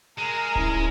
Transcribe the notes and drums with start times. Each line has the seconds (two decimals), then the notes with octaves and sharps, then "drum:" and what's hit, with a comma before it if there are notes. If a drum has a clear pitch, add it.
0.18 G#3 A#4
0.56 C#4 E4, drum: kick D1